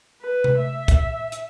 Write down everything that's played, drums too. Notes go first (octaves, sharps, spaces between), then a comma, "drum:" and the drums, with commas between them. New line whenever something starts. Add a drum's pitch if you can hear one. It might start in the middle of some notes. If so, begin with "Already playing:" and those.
B4
drum: tom C3
E5
drum: kick, hi-hat
drum: hi-hat